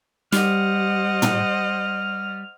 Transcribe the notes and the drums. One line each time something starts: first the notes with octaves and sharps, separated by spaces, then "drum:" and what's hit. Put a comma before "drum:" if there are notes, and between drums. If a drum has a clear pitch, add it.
G3 C5 D#5 F#5 F6, drum: snare
drum: tom